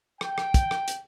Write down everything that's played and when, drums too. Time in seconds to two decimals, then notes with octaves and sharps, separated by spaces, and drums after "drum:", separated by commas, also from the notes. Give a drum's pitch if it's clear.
0.21 G5, drum: rim click
0.38 drum: rim click
0.54 drum: kick, hi-hat
0.71 drum: rim click
0.88 drum: hi-hat